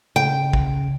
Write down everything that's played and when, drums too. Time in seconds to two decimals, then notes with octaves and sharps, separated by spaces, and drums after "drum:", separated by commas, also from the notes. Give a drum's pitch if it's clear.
0.16 C#3 G5
0.53 drum: kick